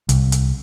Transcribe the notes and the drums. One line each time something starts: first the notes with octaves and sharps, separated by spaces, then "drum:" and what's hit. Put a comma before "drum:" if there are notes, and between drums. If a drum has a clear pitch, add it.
C2, drum: hi-hat
drum: hi-hat